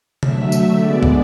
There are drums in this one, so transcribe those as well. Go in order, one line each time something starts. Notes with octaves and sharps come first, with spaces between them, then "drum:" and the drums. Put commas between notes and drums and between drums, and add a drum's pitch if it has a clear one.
D3 F#3 A3 E5, drum: tom C3
drum: tambourine
D3 G#3 B3 D5
drum: kick